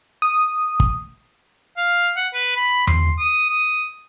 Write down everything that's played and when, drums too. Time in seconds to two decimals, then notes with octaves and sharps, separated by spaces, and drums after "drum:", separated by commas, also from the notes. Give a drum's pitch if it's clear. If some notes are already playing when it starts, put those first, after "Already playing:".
0.22 D#6
0.80 drum: kick
1.77 F5
2.16 F#5
2.34 B4
2.56 B5
2.87 C6, drum: tom E2
3.19 D#6
3.50 D#6